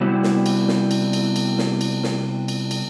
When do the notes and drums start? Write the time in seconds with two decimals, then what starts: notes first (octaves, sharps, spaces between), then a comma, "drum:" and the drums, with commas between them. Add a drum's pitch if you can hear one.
0.01 C3 G3 B3 C4 E4 F#4
0.23 drum: snare
0.46 drum: cymbal
0.68 drum: snare
0.91 drum: cymbal
1.13 drum: cymbal
1.36 drum: cymbal
1.58 drum: snare
1.81 drum: cymbal
2.03 drum: snare
2.48 drum: cymbal
2.71 drum: cymbal